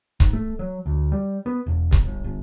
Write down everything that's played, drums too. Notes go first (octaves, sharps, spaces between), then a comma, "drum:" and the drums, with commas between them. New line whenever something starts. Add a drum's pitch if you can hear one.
G#2, drum: kick C#1
A3
F#3
D2
G3
B3
E1
B1, drum: kick C#1
G1
G1